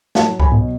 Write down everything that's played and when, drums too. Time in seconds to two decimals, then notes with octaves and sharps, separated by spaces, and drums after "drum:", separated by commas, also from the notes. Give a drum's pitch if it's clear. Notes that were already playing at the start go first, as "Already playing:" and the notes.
0.15 F#3 F#5 A5, drum: snare
0.40 G#5 B5, drum: kick C2
0.52 B2